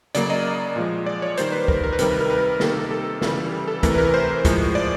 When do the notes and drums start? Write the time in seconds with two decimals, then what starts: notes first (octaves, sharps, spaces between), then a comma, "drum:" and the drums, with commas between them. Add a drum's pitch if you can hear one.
0.15 C#3 F#3 A#3 D5, drum: hi-hat
0.30 D#5
0.76 A#2 F3 G#3
1.06 D5
1.22 C#5
1.37 D#3 G3 A#3 C5, drum: hi-hat
1.52 B4
1.68 A#4, drum: kick
1.84 A#4
1.93 B4
1.99 C3 D#3 G3 A#4, drum: hi-hat
2.11 B4
2.21 A#4
2.30 B4
2.38 A#4
2.60 C3 D#3 G3 A#3 A4, drum: snare A#4
2.91 A4
3.22 C#3 E3 G3, drum: snare A#4
3.68 A4
3.83 C3 E3 A3 A#4, drum: kick, hi-hat
3.94 B4
3.98 A#4
4.14 C5
4.45 A2 F3 G#3, drum: kick, hi-hat
4.75 D5